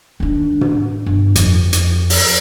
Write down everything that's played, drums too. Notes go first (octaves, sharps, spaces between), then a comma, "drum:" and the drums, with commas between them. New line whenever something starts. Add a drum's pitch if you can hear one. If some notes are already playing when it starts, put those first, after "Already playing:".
D#3 D4
drum: tom
G1
F2, drum: hi-hat
drum: hi-hat
drum: open hi-hat